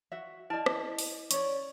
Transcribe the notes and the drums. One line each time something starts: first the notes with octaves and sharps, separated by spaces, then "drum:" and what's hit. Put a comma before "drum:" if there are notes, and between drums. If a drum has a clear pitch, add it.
F#4 E5
E4 D5 D#5 A5
drum: rim click
drum: open hi-hat
C#4 C#5 D5 C#6, drum: hi-hat